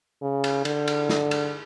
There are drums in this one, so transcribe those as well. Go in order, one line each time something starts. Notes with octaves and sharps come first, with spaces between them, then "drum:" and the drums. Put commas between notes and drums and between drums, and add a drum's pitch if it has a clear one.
C#3
drum: cymbal
D3, drum: cymbal
drum: cymbal
drum: snare
drum: cymbal